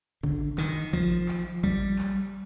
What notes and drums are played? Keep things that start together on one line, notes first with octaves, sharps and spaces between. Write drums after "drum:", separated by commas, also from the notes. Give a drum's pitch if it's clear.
D3, drum: kick
D#3, drum: clap
F3, drum: kick
drum: clap
G3, drum: kick
drum: clap